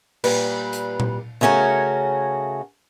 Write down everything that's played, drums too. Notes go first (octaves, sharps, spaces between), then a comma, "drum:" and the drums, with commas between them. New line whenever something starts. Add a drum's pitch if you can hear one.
A#2 G3 B4, drum: cymbal
drum: hi-hat
drum: tom A#2
C#3 A3 C#4 F#4 A#4